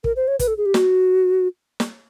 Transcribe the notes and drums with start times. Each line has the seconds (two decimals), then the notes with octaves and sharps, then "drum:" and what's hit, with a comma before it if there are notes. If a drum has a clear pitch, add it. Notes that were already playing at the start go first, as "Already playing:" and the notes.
0.04 A#4, drum: kick
0.16 C5
0.28 C#5
0.39 B4, drum: kick, hi-hat
0.48 A4
0.58 G#4
0.66 G4
0.74 F#4, drum: snare
1.80 drum: snare